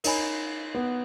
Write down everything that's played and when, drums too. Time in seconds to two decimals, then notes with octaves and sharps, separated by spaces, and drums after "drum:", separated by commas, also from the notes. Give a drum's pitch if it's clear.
0.04 D#4 A#4 C#5 G#5 B5, drum: cymbal
0.75 B3